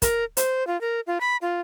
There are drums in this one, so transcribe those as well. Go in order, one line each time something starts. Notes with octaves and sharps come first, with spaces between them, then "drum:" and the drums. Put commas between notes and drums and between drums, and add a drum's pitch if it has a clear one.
A#4, drum: kick, hi-hat
C5, drum: hi-hat
F4
A#4
F4
B5
F4